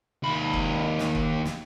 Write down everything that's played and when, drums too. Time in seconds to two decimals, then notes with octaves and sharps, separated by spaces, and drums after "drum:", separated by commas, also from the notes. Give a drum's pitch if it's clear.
0.23 D#2 B5
0.53 drum: kick F#1
0.99 drum: snare
1.15 drum: kick F#1
1.45 drum: snare